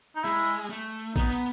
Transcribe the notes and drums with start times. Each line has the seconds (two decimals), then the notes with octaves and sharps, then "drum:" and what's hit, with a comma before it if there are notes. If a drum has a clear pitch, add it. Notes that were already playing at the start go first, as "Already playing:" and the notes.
0.16 D#4
0.24 G#3 E4
0.70 A3
1.16 B3 D#4, drum: kick A1
1.32 drum: cymbal